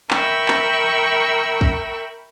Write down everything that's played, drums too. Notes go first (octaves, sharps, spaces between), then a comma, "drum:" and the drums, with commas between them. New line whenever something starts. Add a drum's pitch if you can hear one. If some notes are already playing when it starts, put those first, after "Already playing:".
A#4 E5 G5 B5 C#6 E6, drum: clap
drum: clap
drum: kick